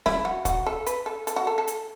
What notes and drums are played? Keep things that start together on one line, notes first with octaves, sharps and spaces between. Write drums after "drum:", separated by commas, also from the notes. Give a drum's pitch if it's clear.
E4, drum: snare
F#4
F#4, drum: kick, hi-hat
A4
B4, drum: hi-hat
A4
A4, drum: hi-hat
F#4
A4
A4
drum: hi-hat